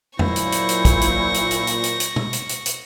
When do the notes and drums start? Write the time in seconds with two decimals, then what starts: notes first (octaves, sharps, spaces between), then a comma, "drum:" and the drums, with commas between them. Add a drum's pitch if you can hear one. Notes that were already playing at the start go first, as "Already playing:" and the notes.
0.19 A#2 F#3 E4 C5 C#6 A#6, drum: tom F2
0.36 drum: hi-hat
0.52 drum: hi-hat
0.69 drum: hi-hat
0.85 drum: kick, hi-hat
1.01 drum: hi-hat
1.34 drum: hi-hat
1.51 drum: hi-hat
1.67 drum: hi-hat
1.84 drum: hi-hat
2.00 drum: hi-hat
2.16 drum: tom
2.33 drum: hi-hat
2.49 drum: hi-hat
2.66 drum: hi-hat